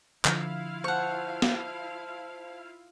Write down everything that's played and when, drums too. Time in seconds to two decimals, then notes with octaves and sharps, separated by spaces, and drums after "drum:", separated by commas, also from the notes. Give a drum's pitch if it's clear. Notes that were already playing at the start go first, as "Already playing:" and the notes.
0.25 D3 F3 E4 F4 F5 G#6, drum: clap
0.84 C5 F#5 A5 C#6
1.42 drum: snare